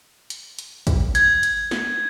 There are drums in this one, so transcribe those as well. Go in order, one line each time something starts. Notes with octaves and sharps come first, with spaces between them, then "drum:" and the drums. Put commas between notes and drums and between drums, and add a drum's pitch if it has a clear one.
drum: hi-hat
drum: hi-hat
drum: kick, hi-hat
G#6, drum: hi-hat
drum: hi-hat
drum: snare